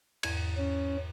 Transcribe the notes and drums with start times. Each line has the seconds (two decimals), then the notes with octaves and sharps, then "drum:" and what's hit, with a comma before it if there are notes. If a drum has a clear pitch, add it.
0.23 E2 G#2 G#6, drum: cymbal
0.57 C#4